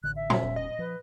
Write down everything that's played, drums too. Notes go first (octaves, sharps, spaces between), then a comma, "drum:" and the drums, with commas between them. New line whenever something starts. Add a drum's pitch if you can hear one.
A1 D3 F#6
E5
drum: tom
D#1 C#4
D#5
F3 B4